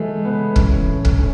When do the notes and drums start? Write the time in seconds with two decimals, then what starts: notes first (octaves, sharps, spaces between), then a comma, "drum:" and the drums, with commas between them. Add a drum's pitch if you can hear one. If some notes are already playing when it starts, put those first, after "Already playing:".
Already playing: E3 G#3 A3
0.24 C#3 B3
0.56 E3 C#4, drum: kick
0.87 A2
1.05 drum: kick
1.18 A3 C#4